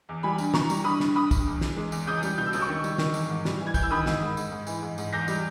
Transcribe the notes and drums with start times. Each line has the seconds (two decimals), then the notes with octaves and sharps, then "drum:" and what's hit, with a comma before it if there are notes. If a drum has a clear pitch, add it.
0.09 E2
0.23 G3 G#5 B5
0.38 G2, drum: tambourine
0.54 E3 A#5 C#6, drum: snare
0.70 G3, drum: tambourine
0.84 G2 B5 D#6
1.00 G2, drum: snare
1.15 G2 B5 D#6
1.31 G2, drum: kick, tambourine
1.46 E2
1.61 E2, drum: snare
1.76 G#3
1.92 E2, drum: tambourine
2.07 C#2 D#6 G6
2.23 G3, drum: tambourine
2.38 B2 G6
2.46 E6
2.53 C#2 D#6, drum: tambourine
2.61 C#6 E6
2.69 D#3
2.84 G3, drum: tambourine
2.98 D#3, drum: snare
3.14 E2, drum: tambourine
3.29 G#2
3.45 G3, drum: snare
3.60 E3
3.67 G#6
3.74 E3 G6, drum: kick, tambourine
3.83 E6
3.91 D#3 B5 D#6
4.06 G#2, drum: snare
4.21 G#2
4.37 G#2, drum: tambourine
4.51 G#2
4.67 E3, drum: tambourine
4.82 G#2
4.98 G#2, drum: tambourine
5.13 E2 G6 A#6
5.28 G3, drum: tambourine